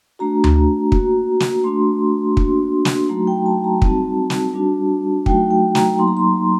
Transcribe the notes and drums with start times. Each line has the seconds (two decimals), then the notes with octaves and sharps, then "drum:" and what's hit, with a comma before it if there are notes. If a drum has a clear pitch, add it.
0.19 A3 D4 F#4 A#5
0.44 drum: tom D2
0.92 A#3 F#4, drum: kick
1.40 drum: snare
1.64 A3 D4 F#4 C6
2.37 A#3 D4 F#4, drum: kick
2.85 drum: snare
3.09 F#3 A3 D#4 F#4 A#5
3.27 G5
3.46 A5
3.64 A#5
3.82 G3 C4 D#4 F#4 A5, drum: kick
4.30 drum: snare
4.54 G3 D4 F#4
5.26 F#3 A3 D#4 F#4 G5, drum: kick
5.51 G5
5.75 A#5, drum: snare
5.99 F#3 A#3 D#4 C6
6.08 A#5
6.17 C6